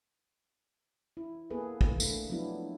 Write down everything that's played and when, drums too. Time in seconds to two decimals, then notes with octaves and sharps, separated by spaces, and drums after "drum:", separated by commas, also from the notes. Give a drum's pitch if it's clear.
1.17 E4
1.50 A#3 B3 G#4 A4 B4
1.81 drum: kick
2.00 A3 D4, drum: tambourine
2.29 F3 F#3 B3 D4 E4